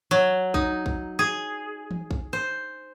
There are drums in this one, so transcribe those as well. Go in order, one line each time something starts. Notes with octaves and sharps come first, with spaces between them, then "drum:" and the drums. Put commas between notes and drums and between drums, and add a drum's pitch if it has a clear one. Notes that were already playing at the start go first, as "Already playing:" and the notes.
F#3
D#4, drum: kick A1
drum: kick A1
G#4
drum: tom
drum: kick A1
C5